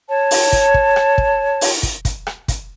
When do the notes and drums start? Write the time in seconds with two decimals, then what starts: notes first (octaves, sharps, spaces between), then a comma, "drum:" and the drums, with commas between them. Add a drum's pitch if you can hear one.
0.09 C#5 A5
0.31 drum: open hi-hat
0.53 drum: kick
0.74 drum: kick
0.96 drum: rim click
1.18 drum: kick
1.61 drum: open hi-hat
1.83 drum: kick
2.05 drum: kick, hi-hat
2.27 drum: rim click
2.48 drum: kick, hi-hat